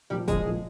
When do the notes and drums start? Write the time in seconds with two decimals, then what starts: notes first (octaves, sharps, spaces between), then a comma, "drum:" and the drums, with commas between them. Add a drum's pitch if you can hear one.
0.10 A#2 F3 G3 G4
0.28 A#1 G#3 G#4, drum: kick, hi-hat
0.45 A#2 F3